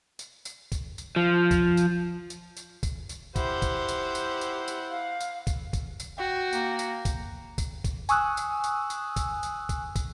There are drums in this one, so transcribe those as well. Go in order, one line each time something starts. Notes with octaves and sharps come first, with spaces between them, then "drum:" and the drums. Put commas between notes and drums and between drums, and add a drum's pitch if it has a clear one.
drum: tambourine
drum: tambourine
drum: kick, tambourine
drum: tambourine
F3
drum: kick, tambourine
drum: tambourine
drum: tambourine
drum: tambourine
drum: kick, tambourine
drum: tambourine
E4 G4 C5 F#5, drum: kick, tambourine
drum: kick, tambourine
drum: tambourine
drum: tambourine
drum: tambourine
drum: tambourine
F5
drum: tambourine
drum: kick, tambourine
drum: kick, tambourine
drum: tambourine
F#4 G5
A#3, drum: tambourine
drum: tambourine
drum: kick, tambourine
drum: kick, tambourine
drum: kick, tambourine
G#5 C#6 D#6 E6 F#6, drum: tambourine
drum: tambourine
drum: tambourine
drum: tambourine
drum: kick, tambourine
drum: tambourine
drum: kick, tambourine
drum: kick, tambourine